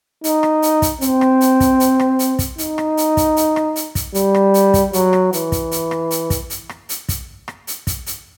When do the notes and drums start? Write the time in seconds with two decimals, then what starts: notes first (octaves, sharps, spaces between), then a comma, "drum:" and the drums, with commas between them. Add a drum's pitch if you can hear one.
0.24 D#4, drum: hi-hat
0.43 drum: rim click
0.62 drum: hi-hat
0.82 drum: kick, hi-hat
1.01 C4, drum: hi-hat
1.21 drum: rim click
1.41 drum: hi-hat
1.60 drum: kick, hi-hat
1.80 drum: hi-hat
2.00 drum: rim click
2.19 drum: hi-hat
2.39 drum: kick, hi-hat
2.58 D#4, drum: hi-hat
2.78 drum: rim click
2.97 drum: hi-hat
3.17 drum: kick, hi-hat
3.37 drum: hi-hat
3.56 drum: rim click
3.76 drum: hi-hat
3.95 drum: kick, hi-hat
4.15 G3, drum: hi-hat
4.34 drum: rim click
4.54 drum: hi-hat
4.74 drum: kick, hi-hat
4.93 F#3, drum: hi-hat
5.13 drum: rim click
5.33 E3, drum: hi-hat
5.52 drum: kick, hi-hat
5.72 drum: hi-hat
5.91 drum: rim click
6.11 drum: hi-hat
6.30 drum: kick, hi-hat
6.50 drum: hi-hat
6.69 drum: rim click
6.89 drum: hi-hat
7.09 drum: kick, hi-hat
7.48 drum: rim click
7.67 drum: hi-hat
7.87 drum: kick, hi-hat
8.06 drum: hi-hat